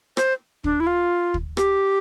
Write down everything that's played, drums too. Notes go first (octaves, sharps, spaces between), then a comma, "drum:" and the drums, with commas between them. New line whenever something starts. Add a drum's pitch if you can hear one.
C5, drum: rim click
D4, drum: kick
E4
F4
drum: kick
G4, drum: rim click